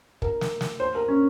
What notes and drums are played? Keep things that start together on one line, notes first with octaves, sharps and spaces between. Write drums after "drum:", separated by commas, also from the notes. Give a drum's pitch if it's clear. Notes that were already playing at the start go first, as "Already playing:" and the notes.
A#4, drum: kick
drum: snare
drum: snare
C5
A#4
C#4